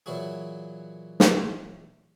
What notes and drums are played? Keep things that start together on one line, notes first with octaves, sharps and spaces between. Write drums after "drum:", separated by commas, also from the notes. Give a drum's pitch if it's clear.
A#2 E3 F#3 E4 F#4 G#4
drum: snare